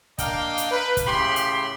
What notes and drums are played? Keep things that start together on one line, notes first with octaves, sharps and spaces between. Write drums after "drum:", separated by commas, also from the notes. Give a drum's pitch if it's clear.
A#3 D4 A#4 D#5 F5 G5, drum: kick, hi-hat
drum: hi-hat
B4
drum: kick, hi-hat
A2 C#3 G4 B5 C6
drum: hi-hat